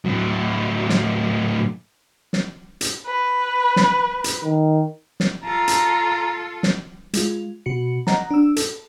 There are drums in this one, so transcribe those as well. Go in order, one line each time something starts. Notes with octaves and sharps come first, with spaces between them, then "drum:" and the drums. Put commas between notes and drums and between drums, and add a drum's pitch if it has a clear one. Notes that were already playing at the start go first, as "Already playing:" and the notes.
A2 F#3
drum: snare
drum: snare
drum: hi-hat
B4
drum: snare
drum: hi-hat
D#3
drum: snare
F4 A4 A#5
drum: hi-hat
drum: snare
G#3 F4, drum: hi-hat
B2 F#4 C#7
D#5 F#5 A#5, drum: snare
D4 E6
A4, drum: hi-hat